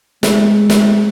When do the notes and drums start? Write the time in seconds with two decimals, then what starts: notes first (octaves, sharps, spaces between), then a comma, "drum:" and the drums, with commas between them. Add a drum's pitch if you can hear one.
0.23 G#3, drum: snare
0.70 drum: snare